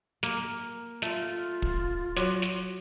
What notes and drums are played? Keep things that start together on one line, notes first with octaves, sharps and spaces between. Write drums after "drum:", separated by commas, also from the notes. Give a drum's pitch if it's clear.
A#3, drum: snare
A3 F4, drum: snare
drum: kick
F#3 F#4 C#5 C6, drum: snare
drum: snare